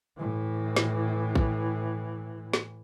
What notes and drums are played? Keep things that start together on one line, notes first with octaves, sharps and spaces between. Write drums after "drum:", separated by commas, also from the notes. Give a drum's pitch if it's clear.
A2 E3
drum: snare
drum: kick
drum: snare